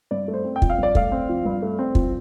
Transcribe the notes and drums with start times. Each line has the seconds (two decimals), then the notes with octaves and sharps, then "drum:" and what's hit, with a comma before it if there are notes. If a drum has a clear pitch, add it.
0.11 G2 D5
0.28 A3
0.34 C5
0.44 C4
0.56 G5
0.62 F3, drum: kick
0.70 F5
0.78 G2 D5
0.95 A3 F5, drum: kick
1.12 C4
1.29 F3
1.45 G2
1.62 A3
1.79 C4
1.95 F3, drum: kick